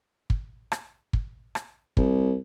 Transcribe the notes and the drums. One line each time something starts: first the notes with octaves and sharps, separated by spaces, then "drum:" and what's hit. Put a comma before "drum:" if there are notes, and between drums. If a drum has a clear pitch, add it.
drum: kick
drum: rim click
drum: kick
drum: rim click
C2, drum: kick